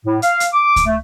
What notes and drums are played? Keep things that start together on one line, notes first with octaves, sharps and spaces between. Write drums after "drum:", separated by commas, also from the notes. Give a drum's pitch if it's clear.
A2
F5, drum: hi-hat
drum: hi-hat
D6
drum: kick C#2, hi-hat
A3